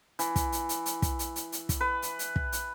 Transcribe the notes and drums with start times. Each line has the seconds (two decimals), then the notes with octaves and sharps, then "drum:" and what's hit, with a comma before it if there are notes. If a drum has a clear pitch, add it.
0.19 E3, drum: hi-hat
0.36 drum: kick, hi-hat
0.52 drum: hi-hat
0.69 drum: hi-hat
0.86 drum: hi-hat
1.02 drum: kick, hi-hat
1.19 drum: hi-hat
1.36 drum: hi-hat
1.52 drum: hi-hat
1.69 drum: kick, hi-hat
1.81 B4
2.02 drum: hi-hat
2.19 drum: hi-hat
2.36 drum: kick
2.52 drum: hi-hat